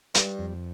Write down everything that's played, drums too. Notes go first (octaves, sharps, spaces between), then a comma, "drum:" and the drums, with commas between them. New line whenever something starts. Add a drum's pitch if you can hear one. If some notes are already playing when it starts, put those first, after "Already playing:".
G2 G3, drum: hi-hat
F2